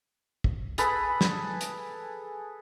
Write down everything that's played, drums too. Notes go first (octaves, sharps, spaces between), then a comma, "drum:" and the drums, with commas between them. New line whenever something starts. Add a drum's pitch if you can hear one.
drum: kick
G#4 A4 B4 B5, drum: hi-hat
drum: snare
drum: hi-hat